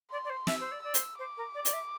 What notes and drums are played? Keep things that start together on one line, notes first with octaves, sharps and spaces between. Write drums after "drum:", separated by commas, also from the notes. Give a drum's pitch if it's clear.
D5 C6
D5
C5
E5 E6, drum: snare
C5
D5
D5 E6
C5, drum: hi-hat
C5 D6
A#4
D5
D5, drum: hi-hat
E5